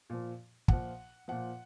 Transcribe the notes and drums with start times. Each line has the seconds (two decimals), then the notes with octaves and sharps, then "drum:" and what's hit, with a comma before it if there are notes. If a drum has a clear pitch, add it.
0.10 A#2 F3
0.68 A#2 F3 F#5, drum: kick
1.28 A#2 F3 F#5